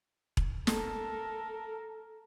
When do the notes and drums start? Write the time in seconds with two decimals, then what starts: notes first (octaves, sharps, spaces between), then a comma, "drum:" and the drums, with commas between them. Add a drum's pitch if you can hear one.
0.37 drum: kick E1
0.67 A4 A#4, drum: snare